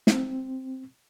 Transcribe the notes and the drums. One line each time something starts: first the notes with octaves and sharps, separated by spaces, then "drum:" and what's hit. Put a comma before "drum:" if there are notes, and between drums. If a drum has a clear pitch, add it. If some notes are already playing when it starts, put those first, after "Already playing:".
C4, drum: snare